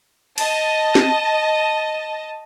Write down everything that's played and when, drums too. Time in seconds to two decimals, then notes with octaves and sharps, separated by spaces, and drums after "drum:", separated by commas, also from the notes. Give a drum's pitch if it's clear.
0.38 D#5 A5, drum: cymbal
0.95 drum: snare